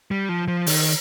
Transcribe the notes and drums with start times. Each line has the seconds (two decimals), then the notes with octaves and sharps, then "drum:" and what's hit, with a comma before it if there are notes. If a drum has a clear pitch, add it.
0.11 G3
0.29 F3
0.48 F3
0.67 D#3, drum: open hi-hat